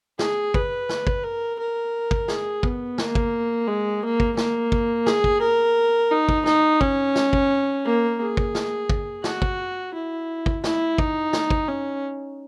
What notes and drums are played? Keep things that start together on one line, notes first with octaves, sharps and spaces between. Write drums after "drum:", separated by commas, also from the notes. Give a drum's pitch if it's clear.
G#4, drum: snare
B4, drum: kick
drum: snare
drum: kick
A#4
A#4
drum: kick
G#4, drum: snare
B3, drum: kick
A#3, drum: snare
drum: kick
G#3
A#3
drum: kick
A#3, drum: snare
drum: kick
G#4, drum: snare
drum: kick
A#4
D#4
drum: kick
D#4, drum: snare
C#4, drum: kick
drum: snare
drum: kick
A#3
G#4
drum: kick
drum: snare
drum: kick
F#4, drum: snare
drum: kick
E4
drum: kick
E4, drum: snare
D#4, drum: kick
drum: snare
drum: kick
C#4